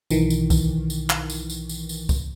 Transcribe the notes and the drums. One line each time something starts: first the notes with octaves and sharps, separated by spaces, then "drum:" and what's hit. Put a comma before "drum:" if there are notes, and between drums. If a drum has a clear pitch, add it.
B1 D#3 E3, drum: tambourine
drum: tambourine
drum: kick C2, tambourine
drum: tambourine
drum: clap
drum: tambourine
drum: tambourine
drum: tambourine
drum: tambourine
drum: kick C2, tambourine